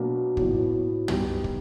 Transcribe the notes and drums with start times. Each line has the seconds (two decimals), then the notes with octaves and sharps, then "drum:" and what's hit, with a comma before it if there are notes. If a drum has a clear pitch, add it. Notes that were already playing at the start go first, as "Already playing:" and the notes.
Already playing: B2 F#3 A#3 D4 F#4
0.37 A2 F#3 B3, drum: kick
1.08 G3 B3 D#4 G4, drum: tom
1.44 drum: kick